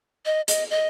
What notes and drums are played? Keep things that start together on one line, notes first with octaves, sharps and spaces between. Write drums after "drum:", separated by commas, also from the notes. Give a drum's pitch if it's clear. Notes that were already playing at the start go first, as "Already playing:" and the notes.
D#5
D#5, drum: hi-hat
D#5